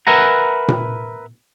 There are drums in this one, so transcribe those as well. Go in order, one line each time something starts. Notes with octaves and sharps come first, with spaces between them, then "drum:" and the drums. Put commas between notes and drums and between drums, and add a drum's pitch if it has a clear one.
A#4 B4 E5 F#5 G#5 A#5
drum: tom A#2